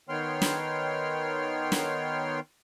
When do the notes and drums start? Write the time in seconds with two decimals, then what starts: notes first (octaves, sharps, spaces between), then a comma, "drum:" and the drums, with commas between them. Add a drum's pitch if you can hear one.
0.09 D#3 B3 C#5 G5 C6 F6
0.42 drum: snare
1.72 drum: snare